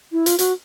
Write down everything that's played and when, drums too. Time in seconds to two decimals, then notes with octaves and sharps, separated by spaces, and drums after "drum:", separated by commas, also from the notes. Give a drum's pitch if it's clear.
0.12 E4
0.26 F4, drum: hi-hat
0.39 F#4, drum: hi-hat